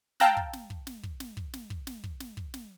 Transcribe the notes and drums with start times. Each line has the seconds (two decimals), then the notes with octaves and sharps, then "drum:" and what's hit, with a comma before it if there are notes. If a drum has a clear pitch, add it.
0.20 F5 G5 A5 A#5 E6 F#6, drum: snare
0.37 drum: kick
0.53 drum: snare
0.70 drum: kick
0.87 drum: snare
1.03 drum: kick
1.20 drum: snare
1.37 drum: kick
1.53 drum: snare
1.70 drum: kick
1.87 drum: snare
2.04 drum: kick
2.20 drum: snare
2.37 drum: kick
2.54 drum: snare